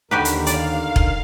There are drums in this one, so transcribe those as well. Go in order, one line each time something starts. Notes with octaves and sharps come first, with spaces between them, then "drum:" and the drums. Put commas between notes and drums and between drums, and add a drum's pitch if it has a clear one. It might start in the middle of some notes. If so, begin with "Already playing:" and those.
D#2 D3 D#3 F#4 G4 A#4 B4
drum: hi-hat
D5 F5, drum: hi-hat
drum: kick E1